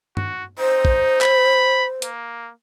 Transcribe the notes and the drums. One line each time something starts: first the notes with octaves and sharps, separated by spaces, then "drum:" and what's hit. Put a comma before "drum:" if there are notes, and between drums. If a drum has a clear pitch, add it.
F#4, drum: tom
D#4 C5
drum: kick
B5, drum: clap
A#3, drum: hi-hat